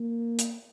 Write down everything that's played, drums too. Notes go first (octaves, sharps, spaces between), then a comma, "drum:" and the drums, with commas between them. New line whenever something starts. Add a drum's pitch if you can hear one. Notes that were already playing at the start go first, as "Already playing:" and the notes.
Already playing: A#3
drum: hi-hat